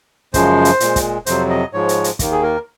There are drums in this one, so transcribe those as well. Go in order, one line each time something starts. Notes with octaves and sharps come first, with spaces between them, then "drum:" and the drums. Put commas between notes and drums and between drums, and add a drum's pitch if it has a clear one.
F#2 C#3 F3 G#3 C5, drum: kick, hi-hat
drum: hi-hat
A#2 G#3, drum: hi-hat
drum: kick, hi-hat
F2 C3 F#3 C5, drum: hi-hat
D#5
G#2 F3 G#3 C#5
drum: hi-hat
drum: hi-hat
D#2 D#3 A#3, drum: kick, hi-hat
G#4
A#4